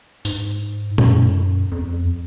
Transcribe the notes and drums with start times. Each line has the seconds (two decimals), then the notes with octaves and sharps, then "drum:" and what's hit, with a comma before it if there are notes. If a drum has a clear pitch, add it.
0.25 G#2, drum: tambourine
0.98 F#2, drum: tom A#2
1.72 F2